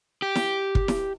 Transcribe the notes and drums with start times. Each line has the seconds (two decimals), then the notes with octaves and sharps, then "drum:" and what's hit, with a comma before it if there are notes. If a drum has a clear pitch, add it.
0.22 G4
0.35 drum: snare E4
0.75 drum: kick
0.88 drum: snare E4